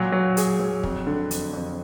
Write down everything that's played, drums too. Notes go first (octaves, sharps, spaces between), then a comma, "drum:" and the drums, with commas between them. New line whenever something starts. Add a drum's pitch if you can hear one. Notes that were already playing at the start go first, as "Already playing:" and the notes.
Already playing: A#2 F#3
F#3
G#4, drum: hi-hat
F#3
F2, drum: kick
D3
F2, drum: hi-hat
F2